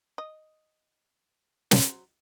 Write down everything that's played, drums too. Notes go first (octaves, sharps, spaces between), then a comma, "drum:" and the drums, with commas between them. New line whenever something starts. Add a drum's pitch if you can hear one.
D#5
F#3 C5, drum: snare